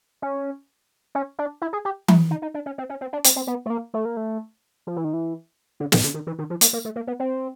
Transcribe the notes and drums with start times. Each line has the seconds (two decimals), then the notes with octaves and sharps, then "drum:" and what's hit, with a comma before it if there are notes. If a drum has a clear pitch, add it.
0.22 C#4
1.15 C#4
1.39 D4
1.62 E4
1.73 G#4
1.85 G4
2.08 E4, drum: tom E3
2.31 D#4
2.42 D#4
2.54 D4
2.66 C#4
2.78 C4
2.89 C#4
3.01 C4
3.13 D4
3.24 C4, drum: hi-hat
3.36 C4
3.47 B3
3.66 A3
3.70 A#3
3.94 A3
4.05 A#3
4.17 A3
4.87 F3
4.96 E3
5.05 D#3
5.14 E3
5.80 D3
5.92 D#3, drum: snare
6.04 D3
6.14 D#3
6.27 E3
6.39 D#3
6.50 F3
6.61 A#3, drum: hi-hat
6.73 A#3
6.85 A3
6.96 A#3
7.07 B3
7.20 C4